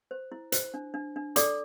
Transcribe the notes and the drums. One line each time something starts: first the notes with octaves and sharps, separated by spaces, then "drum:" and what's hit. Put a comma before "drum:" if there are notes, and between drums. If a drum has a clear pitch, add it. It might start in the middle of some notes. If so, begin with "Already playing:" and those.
C5
E4
C5, drum: hi-hat
D4
D4
D4
A4 D5 D6, drum: hi-hat